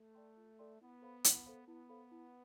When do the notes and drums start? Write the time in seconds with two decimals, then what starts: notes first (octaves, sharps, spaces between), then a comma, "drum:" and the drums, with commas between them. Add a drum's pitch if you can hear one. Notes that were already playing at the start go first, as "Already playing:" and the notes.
Already playing: A3
0.15 A4 D5 G5 C6
0.37 F4
0.59 A4 D5 G5 C6
0.81 B3 E4
1.02 A4 C5 F5 B5
1.24 E4, drum: hi-hat
1.46 A4 C5 F5 B5
1.67 B3 E4
1.89 A4 C5 F5 B5
2.11 E4